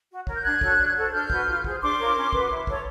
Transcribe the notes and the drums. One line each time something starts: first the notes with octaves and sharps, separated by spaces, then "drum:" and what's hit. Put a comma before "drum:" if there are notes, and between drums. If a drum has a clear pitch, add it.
F#4
A#4 C#5, drum: kick
G6
D4 F#6 G#6
F#4 A4 C#5, drum: kick
D4
F#4 A4 C5
D4 F6 G6
F#4 B4, drum: kick
F4
G#4 C5, drum: kick
D4 C6 D6
F4 A#4 C#5
C#4
F#4 B4, drum: kick
E4
A4 C#5, drum: kick